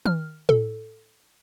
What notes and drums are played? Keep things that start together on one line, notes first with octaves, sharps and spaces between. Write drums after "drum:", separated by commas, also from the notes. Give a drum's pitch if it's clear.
F6, drum: tom D#3
A4, drum: tom A2